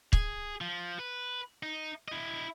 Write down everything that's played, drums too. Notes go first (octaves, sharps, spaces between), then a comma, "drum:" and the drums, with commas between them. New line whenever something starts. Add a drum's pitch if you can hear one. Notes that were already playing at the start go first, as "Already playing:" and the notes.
G#4, drum: kick
F3
B4
D#4
E4 D#5